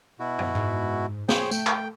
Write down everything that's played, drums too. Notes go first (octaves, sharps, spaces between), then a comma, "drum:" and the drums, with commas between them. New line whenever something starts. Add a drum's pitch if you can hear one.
B2 E4 F#4
drum: tom
G#2
G#4 C5 C#5 G5, drum: snare
A3 G5, drum: tambourine
drum: clap